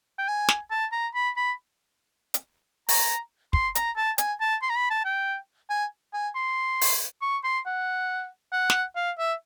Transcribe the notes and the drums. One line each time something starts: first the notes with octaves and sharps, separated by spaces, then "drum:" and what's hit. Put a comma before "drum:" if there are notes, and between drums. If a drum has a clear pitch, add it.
G5
G#5
drum: snare
A5
A#5
B5
B5
drum: hi-hat
A#5, drum: open hi-hat
C6, drum: kick
A#5, drum: hi-hat
A5
G#5, drum: hi-hat
A5
C6
A#5
B5
A5
G5
G#5
G#5
C6
drum: open hi-hat
C#6
C6
F#5
F#5
drum: snare
F5
E5